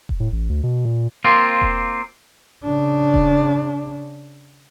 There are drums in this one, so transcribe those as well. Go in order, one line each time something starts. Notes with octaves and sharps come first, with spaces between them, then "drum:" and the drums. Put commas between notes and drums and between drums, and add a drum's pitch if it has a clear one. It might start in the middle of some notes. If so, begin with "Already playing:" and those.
drum: kick E1
A2
A1
D2
B2
A#2
A#3 C4 F4
drum: kick E1
C#3 D4
drum: kick E1